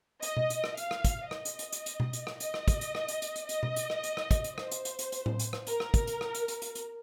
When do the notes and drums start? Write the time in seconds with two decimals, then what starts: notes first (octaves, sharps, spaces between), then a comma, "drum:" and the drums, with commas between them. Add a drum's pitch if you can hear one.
0.22 D#5, drum: hi-hat
0.37 drum: tom B2
0.50 drum: hi-hat
0.64 drum: rim click
0.77 F5, drum: hi-hat
0.91 drum: rim click
1.04 drum: kick, hi-hat
1.31 D#5, drum: rim click
1.45 drum: hi-hat
1.59 drum: hi-hat
1.72 drum: hi-hat
1.86 drum: hi-hat
2.00 drum: tom B2
2.13 drum: hi-hat
2.27 drum: rim click
2.40 D#5, drum: hi-hat
2.54 drum: rim click
2.68 drum: kick, hi-hat
2.81 drum: hi-hat
2.95 drum: rim click
3.08 drum: hi-hat
3.22 drum: hi-hat
3.36 drum: hi-hat
3.49 D#5, drum: hi-hat
3.63 drum: tom B2
3.76 drum: hi-hat
3.90 drum: rim click
4.03 drum: hi-hat
4.17 drum: rim click
4.31 drum: kick, hi-hat
4.44 drum: hi-hat
4.58 C5, drum: rim click
4.71 drum: hi-hat
4.85 drum: hi-hat
4.99 drum: hi-hat
5.12 drum: hi-hat
5.26 drum: tom A2
5.39 drum: hi-hat
5.53 drum: rim click
5.67 A#4, drum: hi-hat
5.80 drum: rim click
5.94 drum: kick, hi-hat
6.07 drum: hi-hat
6.21 drum: rim click
6.35 drum: hi-hat
6.48 drum: hi-hat
6.62 drum: hi-hat
6.75 drum: hi-hat